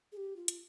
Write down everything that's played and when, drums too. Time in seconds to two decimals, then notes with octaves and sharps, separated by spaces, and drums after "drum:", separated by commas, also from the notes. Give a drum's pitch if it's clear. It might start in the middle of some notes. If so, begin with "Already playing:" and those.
0.12 G#4
0.17 G4
0.36 F4
0.48 drum: hi-hat